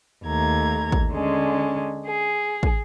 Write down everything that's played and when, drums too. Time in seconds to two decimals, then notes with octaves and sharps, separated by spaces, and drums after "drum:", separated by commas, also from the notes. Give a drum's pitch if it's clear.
0.24 D#2 A3 A#5 G#6
0.92 drum: kick
1.12 D3 G#3 C#4
2.06 G#4
2.63 drum: kick